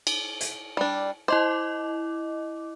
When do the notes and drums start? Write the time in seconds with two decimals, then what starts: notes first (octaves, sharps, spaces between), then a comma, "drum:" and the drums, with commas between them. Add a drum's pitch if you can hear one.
0.07 drum: cymbal
0.41 drum: hi-hat
0.77 G3 D4
1.28 E4 C5 D#5 D6